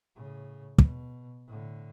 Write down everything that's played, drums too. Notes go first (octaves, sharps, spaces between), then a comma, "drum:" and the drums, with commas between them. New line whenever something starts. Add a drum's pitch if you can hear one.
A2 C#3
B2, drum: kick
A2 D3